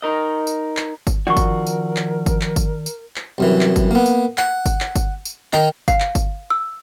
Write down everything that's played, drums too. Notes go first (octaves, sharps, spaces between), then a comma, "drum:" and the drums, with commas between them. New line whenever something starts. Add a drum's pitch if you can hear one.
D#4 A#4 D#5
drum: tambourine
drum: clap
drum: kick G1, tambourine
D#3 F3 D4 F#4 A#4 D5 C#6
drum: kick G1, tambourine
drum: tambourine
drum: clap
drum: kick G1, tambourine
drum: clap
drum: kick G1, tambourine
drum: tambourine
drum: clap
C2 F#2 E3
drum: clap
drum: kick G1, tambourine
A#3 B3
drum: tambourine
F#5, drum: clap
drum: kick G1, tambourine
drum: clap
drum: kick G1, tambourine
drum: tambourine
D#3 D#4 A#5, drum: clap
F5, drum: kick G1, tambourine
drum: clap
drum: kick G1, tambourine
E6